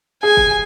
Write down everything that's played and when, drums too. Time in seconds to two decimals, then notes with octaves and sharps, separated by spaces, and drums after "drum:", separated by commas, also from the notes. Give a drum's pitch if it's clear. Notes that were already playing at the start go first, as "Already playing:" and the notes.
0.23 G#4 G#5
0.37 drum: kick F1